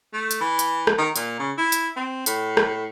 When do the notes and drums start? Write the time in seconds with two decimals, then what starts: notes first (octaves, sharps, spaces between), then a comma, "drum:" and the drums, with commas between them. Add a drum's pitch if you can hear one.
0.14 A3
0.31 drum: hi-hat
0.41 E3
0.59 drum: hi-hat
0.87 drum: rim click
0.98 D#3
1.16 A#2, drum: hi-hat
1.39 C#3
1.58 E4
1.72 drum: hi-hat
1.97 C4
2.26 A2, drum: hi-hat
2.57 drum: rim click